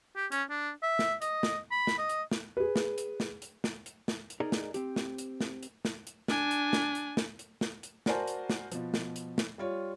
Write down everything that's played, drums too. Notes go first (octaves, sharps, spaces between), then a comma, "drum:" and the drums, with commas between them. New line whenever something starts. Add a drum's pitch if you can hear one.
G4
C#4, drum: hi-hat
D4
E5
drum: snare
D#5, drum: hi-hat
drum: snare
B5
drum: snare
D#5
drum: hi-hat
drum: snare
G#4 B4
drum: snare
drum: hi-hat
drum: snare
drum: hi-hat
drum: snare
drum: hi-hat
drum: snare
drum: hi-hat
D#4 G#4 A#4 D5 D#5
drum: snare
C4 G4, drum: hi-hat
drum: snare
drum: hi-hat
drum: snare
drum: hi-hat
drum: snare
drum: hi-hat
D4 G#5, drum: snare
drum: hi-hat
drum: snare
drum: hi-hat
drum: snare
drum: hi-hat
drum: snare
drum: hi-hat
F#4 A#4 C5 D5 G#5 A5, drum: snare
drum: hi-hat
drum: snare
B2 F3, drum: hi-hat
drum: snare
drum: hi-hat
drum: snare
G3 F4 C#5